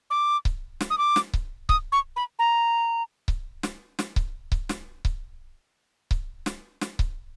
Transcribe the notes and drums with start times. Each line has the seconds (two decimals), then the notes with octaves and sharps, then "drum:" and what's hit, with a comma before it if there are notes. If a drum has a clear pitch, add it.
0.10 D6
0.45 drum: kick C#1
0.80 drum: snare
0.90 D#6
0.98 D6
1.16 drum: snare
1.33 drum: kick C#1
1.69 D#6, drum: kick C#1
1.92 C#6
2.16 B5
2.39 A#5
3.28 drum: kick C#1
3.63 drum: snare
3.99 drum: snare
4.16 drum: kick C#1
4.52 drum: kick C#1
4.69 drum: snare
5.05 drum: kick C#1
6.11 drum: kick C#1
6.46 drum: snare
6.81 drum: snare
6.99 drum: kick C#1